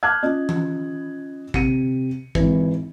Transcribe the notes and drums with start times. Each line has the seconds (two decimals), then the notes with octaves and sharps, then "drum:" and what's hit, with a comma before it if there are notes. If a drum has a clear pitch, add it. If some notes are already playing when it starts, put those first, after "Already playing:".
0.03 A5 D6 F6 F#6 G#6
0.23 C#4 F4 D#5
0.49 drum: tom E3
1.54 C3 C#7 D#7, drum: kick
2.35 G#1 E3, drum: kick